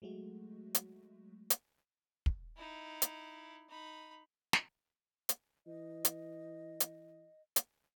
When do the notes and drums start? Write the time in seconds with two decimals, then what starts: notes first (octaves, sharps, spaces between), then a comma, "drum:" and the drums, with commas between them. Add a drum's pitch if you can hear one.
0.02 F#3 G#3 A3 F#4
0.75 drum: hi-hat
1.50 drum: hi-hat
2.26 drum: kick
2.56 D#4 E4
3.02 drum: hi-hat
3.69 D#4 B5
4.53 drum: snare
5.29 drum: hi-hat
5.67 E3 D#5
6.05 drum: hi-hat
6.80 drum: hi-hat
7.56 drum: hi-hat